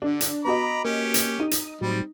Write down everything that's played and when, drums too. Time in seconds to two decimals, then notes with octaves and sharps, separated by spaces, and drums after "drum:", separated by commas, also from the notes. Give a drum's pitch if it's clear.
0.02 D3 D4
0.21 drum: hi-hat
0.45 B3 F#4 D#5 A#5 B5 D6
0.85 A#3 C#4 G4
1.14 drum: hi-hat
1.40 D#4 D#6
1.51 drum: hi-hat
1.81 A2 F#3 G3 C4